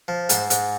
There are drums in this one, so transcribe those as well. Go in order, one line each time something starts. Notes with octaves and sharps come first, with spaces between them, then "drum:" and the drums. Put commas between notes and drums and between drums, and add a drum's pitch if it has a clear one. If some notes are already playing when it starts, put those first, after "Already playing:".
F3
G#2 C5, drum: hi-hat
G#2, drum: hi-hat